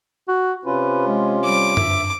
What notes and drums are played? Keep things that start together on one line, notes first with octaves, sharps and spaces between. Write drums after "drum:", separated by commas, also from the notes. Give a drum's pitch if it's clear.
F#4
C3 C#4 F4 B4
G#3
G3 D6
G2 E5, drum: tom F#2